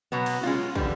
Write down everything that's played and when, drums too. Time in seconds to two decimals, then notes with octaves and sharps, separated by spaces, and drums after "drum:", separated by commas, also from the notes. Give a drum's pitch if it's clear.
0.12 B2 F#3 B3
0.26 drum: cymbal
0.43 G#3 C#4 F4
0.75 D3 G3 B3, drum: kick